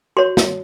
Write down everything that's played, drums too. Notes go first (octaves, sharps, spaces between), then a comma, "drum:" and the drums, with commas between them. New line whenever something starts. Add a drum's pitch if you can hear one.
F#4 C#5 C6
drum: snare